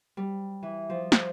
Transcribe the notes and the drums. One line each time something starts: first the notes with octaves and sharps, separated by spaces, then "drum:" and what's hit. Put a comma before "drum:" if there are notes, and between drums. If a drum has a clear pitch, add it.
G3
E3
F3
drum: snare